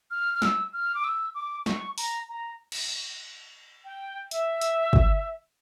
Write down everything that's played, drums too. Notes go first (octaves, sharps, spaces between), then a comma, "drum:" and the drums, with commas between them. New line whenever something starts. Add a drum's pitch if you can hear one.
F6
F6
E6, drum: snare
F6
D6
E6
D6
C#6, drum: snare
A#5, drum: open hi-hat
A#5
drum: cymbal
G5
E5, drum: hi-hat
drum: hi-hat
drum: kick